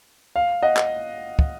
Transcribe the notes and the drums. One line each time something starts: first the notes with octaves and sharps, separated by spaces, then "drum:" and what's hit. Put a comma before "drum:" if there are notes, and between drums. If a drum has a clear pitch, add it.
F5
D#5 F#5
drum: clap
drum: kick